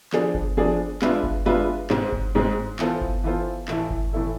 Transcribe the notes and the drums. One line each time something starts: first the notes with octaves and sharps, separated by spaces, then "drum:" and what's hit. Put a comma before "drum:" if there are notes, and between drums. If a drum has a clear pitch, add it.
F3 B3 D4 G#4 D5, drum: clap
drum: kick G1
F3 B3 D4 G#4 D5
G#3 D4 F4 B4 E5, drum: clap
drum: kick G1
G#3 D4 F4 B4 E5
G#2 G#3 C4, drum: clap
drum: kick G1
G#2 G#3 C4
E3 B3 F4 A4 C5, drum: clap
drum: kick G1
E3 B3 F4 A4 C5
A2 E3 A3 E4 A4, drum: clap
drum: kick G1
A2 E3 A3 E4 A4